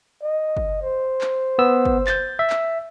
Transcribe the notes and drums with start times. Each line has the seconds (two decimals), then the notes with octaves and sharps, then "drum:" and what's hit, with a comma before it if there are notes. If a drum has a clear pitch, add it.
0.23 D#5
0.57 drum: kick
0.82 C5
1.21 drum: clap
1.59 B3 E6
1.85 drum: kick
2.07 G6 A6, drum: clap
2.39 E5
2.50 drum: clap